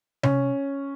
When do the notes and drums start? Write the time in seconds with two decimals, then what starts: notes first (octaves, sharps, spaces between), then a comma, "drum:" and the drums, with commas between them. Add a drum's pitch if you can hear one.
0.23 C#4, drum: tom C3